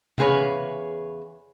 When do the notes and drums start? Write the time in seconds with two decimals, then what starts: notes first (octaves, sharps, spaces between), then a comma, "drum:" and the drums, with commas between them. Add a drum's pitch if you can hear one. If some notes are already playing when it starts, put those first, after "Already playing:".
0.18 E2 C#3 G#4 B4 C#5, drum: tom C3